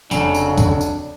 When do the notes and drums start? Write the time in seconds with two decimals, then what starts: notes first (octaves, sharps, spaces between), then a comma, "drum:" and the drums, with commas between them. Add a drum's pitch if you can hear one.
0.11 F1 C#3 F#3 D4, drum: tambourine
0.34 drum: tambourine
0.58 drum: kick, tambourine
0.81 drum: tambourine